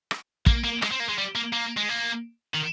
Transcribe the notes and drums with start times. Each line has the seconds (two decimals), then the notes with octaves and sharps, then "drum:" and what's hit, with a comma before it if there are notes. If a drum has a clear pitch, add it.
0.11 drum: rim click
0.46 A#3, drum: kick
0.64 A#3
0.82 G#3, drum: rim click
0.91 C4
1.00 A#3
1.09 G#3
1.18 G3
1.35 A#3
1.53 A#3
1.77 G#3
1.89 A#3
2.55 D#3